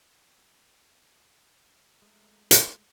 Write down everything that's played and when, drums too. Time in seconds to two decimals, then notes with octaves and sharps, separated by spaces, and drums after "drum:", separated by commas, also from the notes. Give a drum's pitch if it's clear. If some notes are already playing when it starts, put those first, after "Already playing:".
2.02 G#3 A3 A#4
2.51 drum: hi-hat